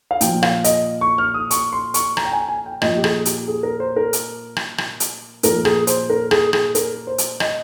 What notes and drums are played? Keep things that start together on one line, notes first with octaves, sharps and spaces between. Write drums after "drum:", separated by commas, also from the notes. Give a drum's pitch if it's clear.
F5
A#2 F3 G5, drum: hi-hat
F5, drum: rim click
D#5, drum: hi-hat
C#6
F6
D#6
C#6, drum: hi-hat
C6
C#6, drum: hi-hat
A#5, drum: rim click
G5
G#5
G#5
G5
A#2 F3 D#5, drum: rim click
G4
G#4, drum: rim click
G4, drum: hi-hat
G#4
A#4
C5
A#4
drum: hi-hat
drum: rim click
drum: rim click
drum: hi-hat
A#2 F3 A#4, drum: hi-hat
G#4, drum: rim click
C5, drum: hi-hat
A#4
G#4, drum: rim click
G#4, drum: rim click
A#4, drum: hi-hat
C5
drum: hi-hat
D#5, drum: rim click